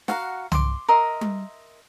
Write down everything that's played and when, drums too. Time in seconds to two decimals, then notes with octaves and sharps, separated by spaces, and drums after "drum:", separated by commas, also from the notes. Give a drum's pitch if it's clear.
0.08 F#4 F5 F#5 A#5, drum: snare
0.52 C6 D6, drum: tom C2
0.89 A#4 D#5 E5 C6
1.21 drum: tom G3